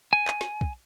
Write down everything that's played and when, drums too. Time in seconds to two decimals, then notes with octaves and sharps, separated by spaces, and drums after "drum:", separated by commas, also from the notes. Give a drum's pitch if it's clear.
0.13 G#5
0.28 drum: clap
0.41 drum: snare
0.61 drum: kick